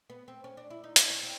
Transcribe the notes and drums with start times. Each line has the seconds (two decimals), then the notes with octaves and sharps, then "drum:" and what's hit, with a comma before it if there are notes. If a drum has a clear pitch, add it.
0.10 B3
0.28 C4
0.44 C#4
0.57 D4
0.70 E4
0.84 D#4
0.96 D4, drum: hi-hat
1.10 C#4
1.23 C4